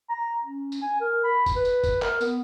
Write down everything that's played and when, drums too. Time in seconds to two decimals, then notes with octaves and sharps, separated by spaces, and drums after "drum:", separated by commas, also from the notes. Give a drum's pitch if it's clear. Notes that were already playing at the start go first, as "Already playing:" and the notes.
0.09 A#5
0.43 C#4
0.72 drum: tambourine
0.82 G#5
1.00 A#4
1.24 B5
1.46 drum: kick, tambourine
1.56 B4
1.65 drum: tambourine
1.83 drum: kick, tambourine
2.02 A#4, drum: clap
2.21 B3, drum: tambourine